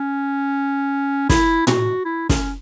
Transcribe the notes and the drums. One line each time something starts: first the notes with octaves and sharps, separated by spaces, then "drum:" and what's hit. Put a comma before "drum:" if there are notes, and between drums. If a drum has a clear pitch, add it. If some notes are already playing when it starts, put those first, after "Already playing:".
Already playing: C#4
E4, drum: snare
F#4, drum: tom A2
E4
C#4, drum: snare